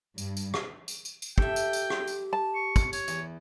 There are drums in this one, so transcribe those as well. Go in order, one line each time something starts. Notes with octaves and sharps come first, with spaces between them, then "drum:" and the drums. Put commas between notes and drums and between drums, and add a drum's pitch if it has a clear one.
G2, drum: tambourine
drum: tambourine
drum: rim click
drum: tambourine
drum: tambourine
drum: tambourine
G4 A4 E5 G5, drum: kick
drum: tambourine
drum: tambourine
drum: rim click
drum: tambourine
A5
C#6
drum: kick, tambourine
C#5, drum: tambourine
E2, drum: tambourine